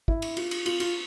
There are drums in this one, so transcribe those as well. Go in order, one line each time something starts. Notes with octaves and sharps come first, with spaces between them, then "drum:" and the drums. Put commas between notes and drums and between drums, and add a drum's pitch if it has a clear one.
E4, drum: kick
drum: cymbal
F4, drum: cymbal
drum: cymbal
F4, drum: cymbal
F4, drum: cymbal